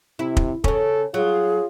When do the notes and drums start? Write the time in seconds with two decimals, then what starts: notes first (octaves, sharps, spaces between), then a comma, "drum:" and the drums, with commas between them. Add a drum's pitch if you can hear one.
0.19 C3 E4
0.37 drum: kick
0.64 C#3 C#4 A4, drum: kick
1.14 F#3 F4 G#4